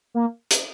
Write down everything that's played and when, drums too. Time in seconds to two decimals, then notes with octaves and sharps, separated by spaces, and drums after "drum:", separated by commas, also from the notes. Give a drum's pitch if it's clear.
0.14 A#3
0.51 drum: hi-hat